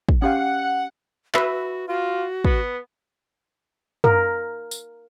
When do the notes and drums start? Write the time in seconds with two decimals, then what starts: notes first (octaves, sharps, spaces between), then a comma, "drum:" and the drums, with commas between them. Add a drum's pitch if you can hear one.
0.09 drum: kick
0.22 C#4 G4 F5 F#5
1.34 F#4 B4 E5, drum: clap
1.88 F4 F#4
2.44 B3, drum: kick
4.04 A#4, drum: tom
4.71 drum: tambourine